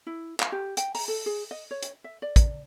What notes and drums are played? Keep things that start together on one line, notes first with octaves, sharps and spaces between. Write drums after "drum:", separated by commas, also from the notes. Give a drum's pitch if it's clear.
E4
F5, drum: clap
G4
G5, drum: hi-hat
A#5, drum: open hi-hat
A4
G#4
D#5
C#5
drum: hi-hat
E5
D5
drum: kick, hi-hat